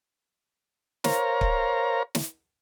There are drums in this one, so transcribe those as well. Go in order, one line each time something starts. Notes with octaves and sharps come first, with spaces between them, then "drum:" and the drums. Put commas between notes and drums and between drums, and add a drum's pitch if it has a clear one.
A#4 C5 C#5 F5 A#5, drum: snare
drum: kick C#1
drum: snare